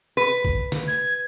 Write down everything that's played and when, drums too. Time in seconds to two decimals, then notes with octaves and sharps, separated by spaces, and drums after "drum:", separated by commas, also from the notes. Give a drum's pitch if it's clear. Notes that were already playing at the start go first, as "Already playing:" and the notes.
0.17 B4
0.45 drum: kick
0.72 drum: snare
0.88 G#6